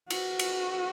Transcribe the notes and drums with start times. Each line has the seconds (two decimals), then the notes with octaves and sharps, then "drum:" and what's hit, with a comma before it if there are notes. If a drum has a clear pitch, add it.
0.10 F#4, drum: cymbal
0.39 drum: cymbal